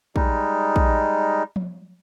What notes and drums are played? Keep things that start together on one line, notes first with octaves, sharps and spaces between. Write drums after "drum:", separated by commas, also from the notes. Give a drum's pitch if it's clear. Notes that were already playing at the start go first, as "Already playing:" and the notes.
G3 G#3 D#4, drum: kick
drum: kick
drum: tom F3